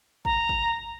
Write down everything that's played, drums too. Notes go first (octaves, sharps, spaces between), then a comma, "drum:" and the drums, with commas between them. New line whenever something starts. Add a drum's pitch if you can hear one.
A#5, drum: kick G#1
drum: kick G#1